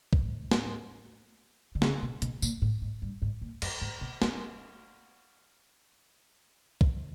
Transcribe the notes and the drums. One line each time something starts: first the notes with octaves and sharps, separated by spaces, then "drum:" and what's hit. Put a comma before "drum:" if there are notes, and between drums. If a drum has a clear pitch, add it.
drum: kick
A2
drum: snare
D3
C#3, drum: snare
B2
B2, drum: hi-hat
A#2, drum: tambourine
A2
G#2
G2
G#2
A#2
F#2, drum: cymbal
G#2
B2
B2, drum: snare
drum: kick